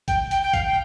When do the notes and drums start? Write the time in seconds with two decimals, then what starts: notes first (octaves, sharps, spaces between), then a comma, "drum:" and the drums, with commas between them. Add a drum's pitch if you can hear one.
0.08 G5, drum: kick, hi-hat
0.31 G5, drum: hi-hat
0.43 G5
0.53 F5, drum: kick, hi-hat
0.66 G5